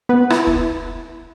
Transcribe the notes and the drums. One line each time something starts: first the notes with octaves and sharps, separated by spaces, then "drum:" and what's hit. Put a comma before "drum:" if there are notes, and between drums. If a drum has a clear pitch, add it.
B3 B4
E4, drum: rim click
drum: kick